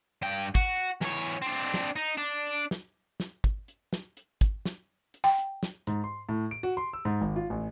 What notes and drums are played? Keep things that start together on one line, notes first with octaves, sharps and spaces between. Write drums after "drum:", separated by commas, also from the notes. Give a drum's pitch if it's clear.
G2 G5
F#4, drum: kick, hi-hat
drum: hi-hat
E2 C#5, drum: snare
drum: hi-hat
C4 D4
drum: snare
D#4, drum: hi-hat
D4
drum: hi-hat
drum: snare
drum: snare
drum: kick
drum: hi-hat
drum: snare
drum: hi-hat
drum: kick, hi-hat
drum: snare
drum: hi-hat
G5
drum: hi-hat
drum: snare
G#2, drum: hi-hat
C6
A2
D7
F#4
C6
E6
G#2
G#1
F4
A1